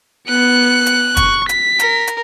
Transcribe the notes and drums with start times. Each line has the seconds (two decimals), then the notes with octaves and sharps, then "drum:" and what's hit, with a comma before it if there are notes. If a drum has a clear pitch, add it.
0.29 B3 F#6 C#7
0.86 drum: hi-hat
1.17 C#6, drum: kick, hi-hat
1.49 B6, drum: hi-hat
1.79 A#4, drum: hi-hat
2.07 drum: hi-hat